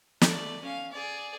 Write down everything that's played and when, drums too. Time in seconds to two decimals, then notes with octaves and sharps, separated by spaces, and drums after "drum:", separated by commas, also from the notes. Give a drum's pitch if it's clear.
0.21 A3 D5, drum: snare
0.63 C#4 F5
0.92 G#4 D5